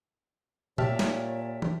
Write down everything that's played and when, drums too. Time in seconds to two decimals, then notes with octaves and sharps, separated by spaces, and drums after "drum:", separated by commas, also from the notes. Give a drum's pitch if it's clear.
0.78 A#2 G4 C#5 E5 A5 F6, drum: tom A#2
0.99 drum: snare
1.62 drum: tom